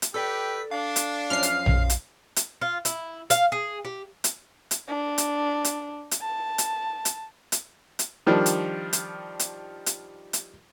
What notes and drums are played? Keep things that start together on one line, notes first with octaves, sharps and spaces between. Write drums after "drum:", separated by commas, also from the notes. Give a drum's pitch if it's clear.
drum: hi-hat
G4 A4 B4 D5 G5 E6 B6
D4 F5
drum: hi-hat
F#2 F3 C#4 F6 C7
drum: hi-hat
drum: tom A#1
drum: hi-hat
drum: hi-hat
F4
E4, drum: hi-hat
F5, drum: hi-hat
G#4
G4
drum: hi-hat
drum: hi-hat
D4
drum: hi-hat
drum: hi-hat
drum: hi-hat
A5
drum: hi-hat
drum: hi-hat
drum: hi-hat
drum: hi-hat
D#3 F3 G3 D4
drum: hi-hat
drum: hi-hat
drum: hi-hat
drum: hi-hat
drum: hi-hat